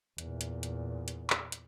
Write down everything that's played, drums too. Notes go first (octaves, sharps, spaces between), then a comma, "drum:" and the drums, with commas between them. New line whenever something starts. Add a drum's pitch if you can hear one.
E2 A#2, drum: hi-hat
drum: hi-hat
drum: hi-hat
drum: hi-hat
drum: clap
drum: hi-hat